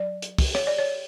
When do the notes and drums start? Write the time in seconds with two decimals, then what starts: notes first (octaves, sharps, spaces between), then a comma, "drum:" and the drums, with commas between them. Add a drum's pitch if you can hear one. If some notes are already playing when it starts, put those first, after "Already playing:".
Already playing: F#3 D5
0.22 drum: hi-hat
0.38 drum: kick, open hi-hat
0.55 C#5, drum: rim click
0.67 D5
0.78 C#5